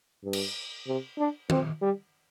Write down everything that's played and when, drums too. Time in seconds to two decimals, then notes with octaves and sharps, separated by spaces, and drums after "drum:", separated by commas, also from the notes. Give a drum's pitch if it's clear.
0.24 G2
0.33 drum: cymbal
0.87 C3
1.18 D4
1.50 C4, drum: tom D#3
1.81 G3